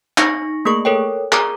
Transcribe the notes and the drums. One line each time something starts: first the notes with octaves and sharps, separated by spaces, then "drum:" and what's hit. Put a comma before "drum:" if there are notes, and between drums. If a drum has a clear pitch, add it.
D#4 C#6 A#6 C#7, drum: clap
A3 A#3 G#4 A#4 C#6
A4 A#4 C#5 G5
G#4 A#4 A#5 D6, drum: clap